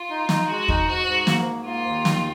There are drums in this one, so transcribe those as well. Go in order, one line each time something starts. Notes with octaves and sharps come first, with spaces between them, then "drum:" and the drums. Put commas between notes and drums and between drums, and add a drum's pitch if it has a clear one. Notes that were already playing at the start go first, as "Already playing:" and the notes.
Already playing: F4
D#4
D#4, drum: snare
G#3 F#4
D#4, drum: kick
G#2 F#4
G#2
A#3, drum: snare
G#2
A#3 F4
D#2
D#3, drum: snare